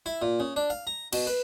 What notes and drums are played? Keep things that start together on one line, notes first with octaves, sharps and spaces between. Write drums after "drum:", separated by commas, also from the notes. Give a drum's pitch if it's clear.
E4
A#2
C#3
D4
F5
A#5
B2, drum: cymbal
B4